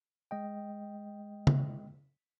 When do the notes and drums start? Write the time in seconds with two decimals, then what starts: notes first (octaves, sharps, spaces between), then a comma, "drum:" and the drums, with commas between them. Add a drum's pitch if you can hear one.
0.31 G#3 D#5 G5
1.47 drum: tom